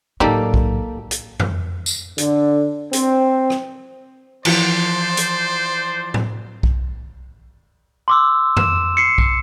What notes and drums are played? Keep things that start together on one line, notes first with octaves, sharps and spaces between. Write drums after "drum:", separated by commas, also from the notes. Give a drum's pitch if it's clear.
A2 F#3 A#3 D#4 G4 A4 D5
drum: kick B1
drum: hi-hat
drum: tom F2
drum: tambourine
D3, drum: hi-hat
C4, drum: hi-hat
drum: rim click
E3 F3 C5 D5, drum: cymbal
drum: hi-hat
drum: tom A2
drum: kick B1
C6 D6 E6
E7, drum: tom F2
C7 C#7
drum: kick B1